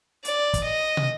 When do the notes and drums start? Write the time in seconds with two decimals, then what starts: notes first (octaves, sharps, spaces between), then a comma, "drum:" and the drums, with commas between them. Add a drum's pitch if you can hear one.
0.25 D5, drum: hi-hat
0.54 drum: kick, hi-hat
0.64 D#5
0.97 drum: tom